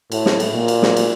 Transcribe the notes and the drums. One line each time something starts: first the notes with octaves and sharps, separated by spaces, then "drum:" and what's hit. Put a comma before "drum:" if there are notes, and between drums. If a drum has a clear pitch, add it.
A2, drum: cymbal
drum: snare
drum: cymbal
A#2
drum: cymbal
drum: snare
drum: cymbal